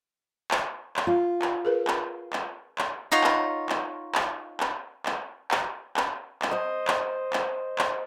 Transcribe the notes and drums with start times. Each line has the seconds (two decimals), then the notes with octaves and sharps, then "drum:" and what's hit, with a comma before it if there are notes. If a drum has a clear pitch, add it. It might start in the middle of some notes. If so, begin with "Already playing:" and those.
0.51 drum: clap
0.97 drum: clap
1.07 F4
1.42 drum: clap
1.65 G#4 A#4 B4
1.87 drum: clap
2.33 drum: clap
2.78 drum: clap
3.12 D#4 F4 C#5 F#5
3.24 drum: clap
3.69 drum: clap
4.15 drum: clap
4.60 drum: clap
5.06 drum: clap
5.51 drum: clap
5.97 drum: clap
6.42 drum: clap
6.51 C5 D#5
6.88 drum: clap
7.33 drum: clap
7.79 drum: clap